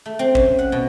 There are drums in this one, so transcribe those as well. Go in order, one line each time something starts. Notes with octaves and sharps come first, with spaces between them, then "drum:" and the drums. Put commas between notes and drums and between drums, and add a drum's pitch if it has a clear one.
A3
C4
C#4, drum: kick
F#5
B2